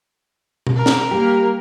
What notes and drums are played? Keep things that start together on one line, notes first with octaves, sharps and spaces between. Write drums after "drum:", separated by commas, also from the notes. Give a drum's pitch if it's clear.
drum: tom B2
A#4
drum: snare
G3 A#3 G4